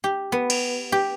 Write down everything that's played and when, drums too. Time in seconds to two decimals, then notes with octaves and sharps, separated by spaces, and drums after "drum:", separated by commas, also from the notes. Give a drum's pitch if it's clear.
0.04 G4
0.32 B3
0.50 drum: cymbal
0.92 G4